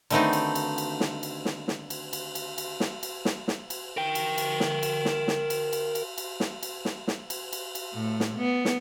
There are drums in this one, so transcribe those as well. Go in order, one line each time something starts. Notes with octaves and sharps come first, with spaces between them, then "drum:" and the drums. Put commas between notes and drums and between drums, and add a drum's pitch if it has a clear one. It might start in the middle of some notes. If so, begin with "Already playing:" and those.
D3 D#3 A3 B3 C4 D#4, drum: cymbal
drum: cymbal
drum: cymbal
drum: cymbal
drum: snare
drum: cymbal
drum: snare
drum: snare
drum: cymbal
drum: cymbal
drum: cymbal
drum: cymbal
drum: snare
drum: cymbal
drum: snare
drum: snare
drum: cymbal
A#4 G5
drum: cymbal
drum: cymbal
drum: snare
drum: cymbal
drum: snare
drum: snare
drum: cymbal
drum: cymbal
drum: cymbal
drum: cymbal
drum: snare
drum: cymbal
drum: snare
drum: snare
drum: cymbal
drum: cymbal
drum: cymbal
A2
drum: snare
B3
drum: snare